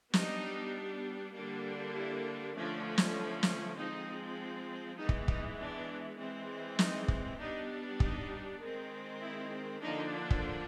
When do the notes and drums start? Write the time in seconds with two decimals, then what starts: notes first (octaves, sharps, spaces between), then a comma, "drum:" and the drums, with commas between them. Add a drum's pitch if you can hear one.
0.14 G3 B3 D4 D#4, drum: snare
1.35 D3 G3 A#3 D4
1.95 E4
2.55 D3 F3 A3 C#4 D4
2.98 drum: snare
3.43 drum: snare
3.76 F3 G#3 C4 D#4
4.97 E3 G#3 B3 D#4
5.09 drum: kick
5.28 D#4, drum: kick
5.58 D4
6.18 E3 G#3 C4
6.79 D#4, drum: snare
7.08 drum: kick
7.39 G3 B3 D4 D#4
8.00 D#4, drum: kick
8.60 D#3 G#3 C4
9.21 E4
9.81 D3 F3 A#3 D4 D#4
10.31 drum: kick